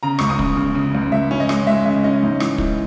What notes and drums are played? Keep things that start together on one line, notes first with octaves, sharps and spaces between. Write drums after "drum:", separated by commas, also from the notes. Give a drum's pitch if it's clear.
C#3 A#5
C#2 C#6, drum: rim click
D#6
C#3, drum: kick
C#3
C#3
C#2
C#2 E5
C#4
D#5
G#3, drum: rim click
G#3 E5
C#3 E5
C#4 D#5
G#2
E3, drum: rim click
E3, drum: kick